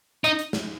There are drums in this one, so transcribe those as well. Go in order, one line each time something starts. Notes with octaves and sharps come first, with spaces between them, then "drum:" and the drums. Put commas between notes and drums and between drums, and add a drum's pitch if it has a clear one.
D#4, drum: hi-hat
drum: hi-hat
drum: snare